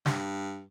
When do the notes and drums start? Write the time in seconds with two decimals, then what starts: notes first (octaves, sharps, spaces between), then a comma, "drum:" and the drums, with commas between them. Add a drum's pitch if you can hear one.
0.06 G2, drum: snare